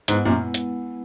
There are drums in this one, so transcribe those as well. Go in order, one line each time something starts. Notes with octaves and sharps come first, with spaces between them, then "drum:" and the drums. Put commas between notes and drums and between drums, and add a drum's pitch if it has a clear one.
G#2 G#3 B3 E4 B4 F#5, drum: hi-hat
F#2 A#2
drum: hi-hat